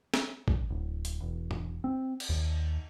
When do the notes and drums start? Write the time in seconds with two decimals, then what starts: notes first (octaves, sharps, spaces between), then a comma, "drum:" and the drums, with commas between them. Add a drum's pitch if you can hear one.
0.14 drum: snare C4
0.48 drum: kick
0.70 D1
1.05 drum: hi-hat
1.22 E1
1.51 drum: tom G#2
1.84 C4
2.20 drum: cymbal
2.29 D#2